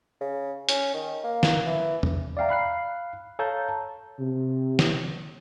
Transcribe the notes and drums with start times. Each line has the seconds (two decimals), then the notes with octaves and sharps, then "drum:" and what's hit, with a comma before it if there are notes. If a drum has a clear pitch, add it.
0.21 C#3
0.69 C#4, drum: hi-hat
0.94 D#3
1.24 A#3
1.43 drum: snare
1.66 E3
2.03 drum: tom E2
2.37 D5 E5 F5 G5 A#5
2.49 F5 B5 F#6 C7
3.39 A4 C#5 F5 A5 A#5 G6
4.19 C3
4.79 drum: snare